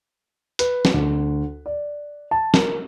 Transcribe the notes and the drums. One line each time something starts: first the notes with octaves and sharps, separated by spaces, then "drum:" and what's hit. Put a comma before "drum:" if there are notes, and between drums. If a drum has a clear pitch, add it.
B4, drum: hi-hat
drum: snare
D2
D5
A5
A#4, drum: snare